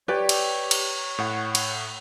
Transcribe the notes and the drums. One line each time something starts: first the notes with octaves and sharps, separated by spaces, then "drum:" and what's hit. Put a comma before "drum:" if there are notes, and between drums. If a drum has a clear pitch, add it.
G4 B4 C#5 D5 G5
drum: cymbal
drum: cymbal
A2 F#5
drum: cymbal